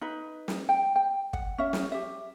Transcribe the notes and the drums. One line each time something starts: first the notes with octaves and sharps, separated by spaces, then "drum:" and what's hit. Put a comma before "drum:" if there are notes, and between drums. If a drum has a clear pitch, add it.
D#4 B4
drum: snare
G5
G5
F#5, drum: kick
C#4 E5
drum: snare
G4 E5